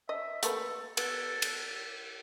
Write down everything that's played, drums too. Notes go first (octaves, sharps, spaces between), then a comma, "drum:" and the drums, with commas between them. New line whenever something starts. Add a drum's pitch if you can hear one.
D#5 E5
A3 A#3 A4 B4, drum: hi-hat
B3 A4, drum: cymbal
drum: cymbal